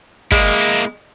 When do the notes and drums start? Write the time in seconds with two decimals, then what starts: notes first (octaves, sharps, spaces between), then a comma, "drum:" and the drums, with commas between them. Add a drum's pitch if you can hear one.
0.32 G#3 A#3 E4, drum: kick